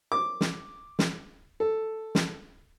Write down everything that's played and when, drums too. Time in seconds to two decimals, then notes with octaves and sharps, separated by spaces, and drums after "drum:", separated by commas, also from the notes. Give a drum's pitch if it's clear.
0.12 D6
0.41 drum: snare
0.99 drum: snare
1.60 A4
2.15 drum: snare